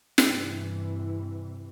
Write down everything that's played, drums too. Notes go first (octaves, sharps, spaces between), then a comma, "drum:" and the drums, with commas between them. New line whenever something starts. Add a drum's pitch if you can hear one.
G2 C3 E3, drum: snare